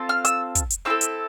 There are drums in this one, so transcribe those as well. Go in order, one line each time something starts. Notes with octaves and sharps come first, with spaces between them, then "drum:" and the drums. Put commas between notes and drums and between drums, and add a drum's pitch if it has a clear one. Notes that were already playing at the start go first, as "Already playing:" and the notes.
Already playing: C4 F4 A4
F6
E6, drum: hi-hat
drum: kick, hi-hat
drum: hi-hat
C4 E4 A4 E6
drum: hi-hat